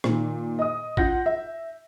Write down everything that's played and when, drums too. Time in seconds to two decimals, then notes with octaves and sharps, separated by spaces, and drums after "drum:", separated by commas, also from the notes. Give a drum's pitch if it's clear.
0.04 A#2 D#3, drum: rim click
0.59 D#5 D#6
0.97 F4 F#5 G6 A#6, drum: kick
1.26 E5